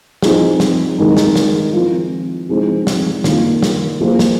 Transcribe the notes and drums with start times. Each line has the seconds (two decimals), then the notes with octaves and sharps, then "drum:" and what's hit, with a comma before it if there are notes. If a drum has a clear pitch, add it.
0.22 F3 C4 D#4 G#4, drum: snare
0.60 drum: snare
0.98 D#3 G#3 D#4 A#4
1.17 drum: snare
1.36 drum: snare
1.73 F3 C4 F4
2.49 F3 G#3 C4 D#4 G#4
2.87 drum: snare
3.24 D#3 A#3 F4, drum: snare
3.63 drum: snare
4.01 F3 A#3 G#4 C5
4.19 drum: snare